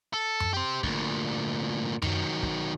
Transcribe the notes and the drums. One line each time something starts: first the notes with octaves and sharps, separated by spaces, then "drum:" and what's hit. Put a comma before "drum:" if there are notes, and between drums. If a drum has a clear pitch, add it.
A4
drum: tom F#2
G4 C5
D2 A#2, drum: kick
D#3 F#3, drum: tom F#2
drum: kick